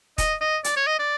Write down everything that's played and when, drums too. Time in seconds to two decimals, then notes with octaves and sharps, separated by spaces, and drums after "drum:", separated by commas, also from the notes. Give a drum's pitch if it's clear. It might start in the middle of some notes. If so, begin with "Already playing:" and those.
0.18 D#5, drum: kick D#1, hi-hat
0.41 D#5
0.64 D5, drum: hi-hat
0.76 C#5
0.87 D#5
0.99 D5